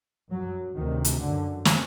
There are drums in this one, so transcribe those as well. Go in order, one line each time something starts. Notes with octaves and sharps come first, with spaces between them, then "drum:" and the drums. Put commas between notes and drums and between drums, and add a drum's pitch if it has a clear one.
F#2 F#3
D2 C3 D#3
drum: hi-hat
F#2 D3
drum: snare